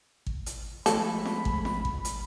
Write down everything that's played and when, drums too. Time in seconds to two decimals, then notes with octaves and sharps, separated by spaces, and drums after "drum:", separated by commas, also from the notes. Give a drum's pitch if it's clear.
0.26 drum: kick
0.46 drum: hi-hat
0.86 F3 G#3 A3 A4 B5, drum: hi-hat
1.25 drum: snare
1.45 drum: kick
1.65 drum: snare
1.85 drum: kick
2.05 drum: hi-hat